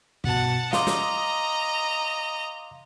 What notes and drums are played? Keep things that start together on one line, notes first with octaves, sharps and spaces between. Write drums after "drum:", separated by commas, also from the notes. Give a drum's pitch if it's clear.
G2 B2 F#5 A5, drum: kick
D#5 F5 A#5 C6 D6, drum: snare
drum: snare